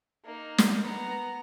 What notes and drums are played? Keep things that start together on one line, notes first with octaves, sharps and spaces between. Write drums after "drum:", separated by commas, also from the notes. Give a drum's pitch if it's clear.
A#3 D#4
drum: snare
B3 A#5